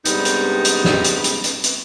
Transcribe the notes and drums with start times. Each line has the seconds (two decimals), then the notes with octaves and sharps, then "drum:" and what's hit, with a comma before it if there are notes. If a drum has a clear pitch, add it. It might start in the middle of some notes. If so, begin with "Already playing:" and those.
0.05 G2 C3 G3 G#3 B3 D#4, drum: hi-hat
0.25 drum: hi-hat
0.65 drum: hi-hat
0.84 drum: snare
1.04 drum: hi-hat
1.24 drum: hi-hat
1.44 drum: hi-hat
1.64 drum: hi-hat